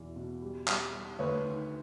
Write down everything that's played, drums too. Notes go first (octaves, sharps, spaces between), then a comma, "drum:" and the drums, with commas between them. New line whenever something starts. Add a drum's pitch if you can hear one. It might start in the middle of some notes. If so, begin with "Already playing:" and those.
Already playing: E2 B2
B2
G3
G3, drum: clap
G3
D2 B4 C#5
D#3